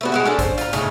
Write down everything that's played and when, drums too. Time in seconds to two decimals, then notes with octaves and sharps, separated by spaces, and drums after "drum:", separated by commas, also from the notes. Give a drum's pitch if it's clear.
0.01 A3 B3 F#4
0.12 G#3 F#4 F#5
0.26 C#4 D4 A4
0.39 C5, drum: kick, hi-hat
0.58 F4 A#5, drum: hi-hat
0.73 A2 C#3 A3 D#4, drum: hi-hat